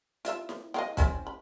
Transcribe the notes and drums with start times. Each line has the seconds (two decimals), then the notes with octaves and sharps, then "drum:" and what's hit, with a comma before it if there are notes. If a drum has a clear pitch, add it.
0.25 E4 F4 E5, drum: hi-hat
0.49 drum: snare
0.74 D#5 F5 G5, drum: snare
0.97 C4 C#4 E4, drum: kick, hi-hat
1.27 B5